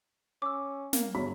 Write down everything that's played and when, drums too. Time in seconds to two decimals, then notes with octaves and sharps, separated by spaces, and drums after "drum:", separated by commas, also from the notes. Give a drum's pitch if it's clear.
0.42 C#4 D6 E6
0.93 A#3, drum: snare
1.14 G1 C#3 F#3 B5